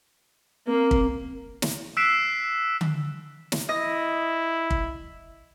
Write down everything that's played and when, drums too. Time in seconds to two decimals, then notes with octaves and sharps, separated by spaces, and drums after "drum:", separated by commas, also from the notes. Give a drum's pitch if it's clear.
0.67 A#3 C4
0.91 drum: kick
1.62 drum: snare
1.97 E6 F#6 B6 C7 D7 E7
2.81 drum: tom D3
3.52 drum: snare
3.69 E4 D#5 A#6
4.70 drum: kick